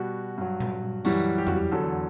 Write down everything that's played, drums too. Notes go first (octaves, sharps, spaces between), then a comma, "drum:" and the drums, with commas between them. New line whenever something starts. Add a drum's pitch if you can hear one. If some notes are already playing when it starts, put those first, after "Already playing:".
Already playing: B2 G3 F#4
G2 F#3
drum: tom A#2
F#2 E3 G3 F#4, drum: tambourine
G4
F#4, drum: tom E2
G4
E2 D3 F#3 A4